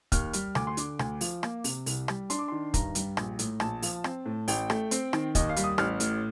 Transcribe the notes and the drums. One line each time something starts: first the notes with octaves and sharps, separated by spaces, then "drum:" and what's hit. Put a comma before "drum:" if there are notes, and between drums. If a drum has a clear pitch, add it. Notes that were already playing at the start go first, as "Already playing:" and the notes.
D#2 F6, drum: kick, hi-hat
G3, drum: hi-hat
D2 D6, drum: rim click
C6
D3 D6, drum: hi-hat
D2, drum: rim click
F3, drum: open hi-hat
A#3, drum: rim click
C3, drum: open hi-hat
C2, drum: open hi-hat
G3, drum: rim click
D4 C6, drum: hi-hat
D6
D#3 C6
G2 A#5, drum: kick, hi-hat
G3, drum: hi-hat
A#1, drum: rim click
A2, drum: hi-hat
A#1 A5, drum: rim click
F3, drum: open hi-hat
C4, drum: rim click
A2
A1 G5, drum: open hi-hat
A3, drum: rim click
C4, drum: hi-hat
D#3, drum: rim click
D#2 D#5, drum: kick, hi-hat
F5
G3, drum: hi-hat
D#6
A1 F6, drum: rim click
A2, drum: hi-hat